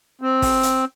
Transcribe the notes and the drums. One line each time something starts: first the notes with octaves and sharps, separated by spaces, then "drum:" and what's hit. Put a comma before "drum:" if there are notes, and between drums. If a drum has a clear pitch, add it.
C4
drum: kick, open hi-hat
drum: hi-hat